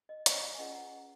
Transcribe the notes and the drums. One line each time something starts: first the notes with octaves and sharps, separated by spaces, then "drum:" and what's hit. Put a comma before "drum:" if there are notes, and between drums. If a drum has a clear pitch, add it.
D#5
D#5, drum: hi-hat
G#5
C#4 F4 G#4 B4 D#5 F#5
F#5 A#5